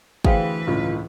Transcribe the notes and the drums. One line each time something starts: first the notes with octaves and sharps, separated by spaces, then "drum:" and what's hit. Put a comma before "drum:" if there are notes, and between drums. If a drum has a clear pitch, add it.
D2 E3 G#4 B4 C5 F5 G5, drum: kick
G1 C#2 A2 F4